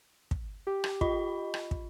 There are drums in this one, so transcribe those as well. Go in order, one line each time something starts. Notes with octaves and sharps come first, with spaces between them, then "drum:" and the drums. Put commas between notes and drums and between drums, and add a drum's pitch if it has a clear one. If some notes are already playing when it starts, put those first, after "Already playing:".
drum: kick
G4
drum: rim click
F4 D#5 B5, drum: kick
drum: rim click
drum: kick